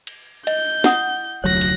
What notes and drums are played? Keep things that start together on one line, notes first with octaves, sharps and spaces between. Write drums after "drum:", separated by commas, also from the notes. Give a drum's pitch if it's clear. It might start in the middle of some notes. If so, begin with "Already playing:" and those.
drum: cymbal
D#5 G6, drum: cymbal
E4 F#5 D#6, drum: snare
F1 D2 F#3 C#5 F#6 A#6
drum: cymbal